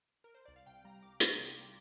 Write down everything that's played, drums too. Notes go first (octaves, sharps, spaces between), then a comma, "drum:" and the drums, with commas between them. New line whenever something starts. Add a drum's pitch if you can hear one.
A#4
C5
C2 D5
F5
C3 G5
G3 A#5
C2 D6
C2 C6, drum: hi-hat
C3
G3 D6